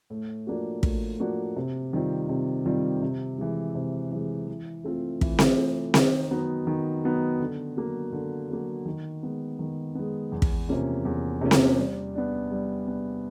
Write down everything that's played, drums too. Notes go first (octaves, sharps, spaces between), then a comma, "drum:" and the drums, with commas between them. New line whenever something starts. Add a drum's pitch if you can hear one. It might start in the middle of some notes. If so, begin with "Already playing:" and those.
A2
F3 A#3 D4 F#4
A2, drum: kick
F3 A#3 D4 F#4
C3
D#3 G3 C4 F4
C3
D#3 G3 C4 F4
C3
E3 G#3
C3
E3 G#3
E3
A3 C4 F4
E3, drum: kick
drum: snare C4
A3 C4 F4
D#3, drum: snare C4
F#3 B3 D#4
D#3
F#3 B3 D#4
D3
F#3 A#3
D3
F#3 A#3
D#3
G#3 B3
D#3
G#3 B3
E2
drum: kick
C3 F3 A#3 C#4
E2
C3 F3 A#3 C#4
drum: snare C4
G3
B3 D4
G3
B3 D4